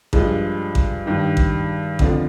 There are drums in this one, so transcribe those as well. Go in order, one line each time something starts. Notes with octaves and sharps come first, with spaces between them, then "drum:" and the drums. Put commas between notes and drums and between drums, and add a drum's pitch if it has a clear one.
G2 F3 G#3, drum: kick A1
drum: kick A1
G2 D#3
drum: kick A1
F2 D3 F3, drum: kick A1